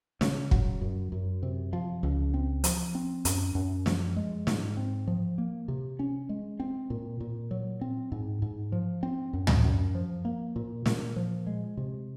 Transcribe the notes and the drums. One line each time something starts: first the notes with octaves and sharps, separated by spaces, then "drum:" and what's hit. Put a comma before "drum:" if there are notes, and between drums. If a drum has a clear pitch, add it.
C#3, drum: snare
F#3, drum: kick
F#2
F#2
C3
F3
C#2
C4
F3, drum: hi-hat
C4
F#2, drum: hi-hat
F#2
F3, drum: snare
G#3
G#2, drum: snare
C4
F3
A#3
C3
C#4
G#3
C4
A#2
A#2
F#3
C4
G#2
G#2
F3
C4
F#2
drum: tom
F#2
F3
A#3
A#2
A#2, drum: snare
F3
G#3
C3